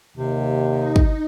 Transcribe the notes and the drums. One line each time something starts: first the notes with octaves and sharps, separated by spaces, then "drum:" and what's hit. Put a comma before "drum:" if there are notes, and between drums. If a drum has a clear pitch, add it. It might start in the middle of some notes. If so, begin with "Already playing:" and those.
D#2 C3
D#4
drum: kick